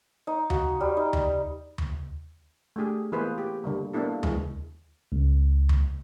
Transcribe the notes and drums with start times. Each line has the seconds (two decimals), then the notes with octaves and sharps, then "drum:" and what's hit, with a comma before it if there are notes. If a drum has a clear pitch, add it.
0.27 D#4
0.50 F#4, drum: tom D#2
0.80 G3
0.97 D#4
1.13 drum: tom D#2
1.78 drum: tom D#2
2.76 A3 D4 G4 G#4
3.12 E3 A#3 B3 G#4 B4 C5
3.38 G4
3.64 D3 G3 A#3
3.93 A#3 B3 D4 E4 A4
4.23 E3 G#3, drum: tom D#2
5.12 C#2
5.69 drum: tom D#2